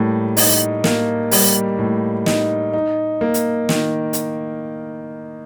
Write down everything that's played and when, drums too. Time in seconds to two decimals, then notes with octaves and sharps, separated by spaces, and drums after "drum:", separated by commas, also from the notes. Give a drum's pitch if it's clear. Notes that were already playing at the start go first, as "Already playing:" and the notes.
Already playing: A2 G3 A#3
0.37 D#4, drum: open hi-hat
0.84 A#3, drum: snare
1.32 G3, drum: open hi-hat
1.79 A2
2.26 D#4, drum: snare
2.73 D#4
3.21 A#3
3.34 drum: hi-hat
3.69 D#3, drum: snare
4.13 drum: hi-hat